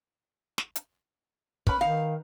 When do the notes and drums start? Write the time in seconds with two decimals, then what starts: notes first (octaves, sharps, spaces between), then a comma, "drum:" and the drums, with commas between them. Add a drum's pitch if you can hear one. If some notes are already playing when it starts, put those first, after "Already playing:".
0.58 drum: snare
0.76 drum: hi-hat
1.67 C#4 B4 B5, drum: kick
1.81 D#3 D#4 F5